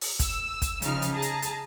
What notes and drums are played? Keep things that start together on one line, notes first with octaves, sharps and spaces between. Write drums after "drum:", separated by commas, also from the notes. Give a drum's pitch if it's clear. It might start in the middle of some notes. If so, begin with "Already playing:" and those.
drum: open hi-hat
E6, drum: kick, hi-hat
drum: kick, hi-hat
C#3 F3 D#4 F6, drum: hi-hat
drum: hi-hat
G#4 A5 A#5
drum: hi-hat
drum: hi-hat